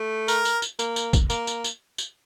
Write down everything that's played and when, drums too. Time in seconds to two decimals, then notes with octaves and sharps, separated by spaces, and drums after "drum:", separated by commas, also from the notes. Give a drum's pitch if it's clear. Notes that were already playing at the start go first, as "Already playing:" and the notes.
Already playing: A3
0.28 A#4, drum: tambourine
0.45 drum: tambourine
0.62 drum: tambourine
0.79 A#3, drum: tambourine
0.96 drum: tambourine
1.13 drum: kick, tambourine
1.30 A#3, drum: tambourine
1.47 drum: tambourine
1.64 drum: tambourine
1.98 drum: tambourine